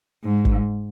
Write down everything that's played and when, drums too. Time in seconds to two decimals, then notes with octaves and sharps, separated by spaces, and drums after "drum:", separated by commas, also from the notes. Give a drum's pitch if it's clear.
0.24 G#2
0.45 drum: kick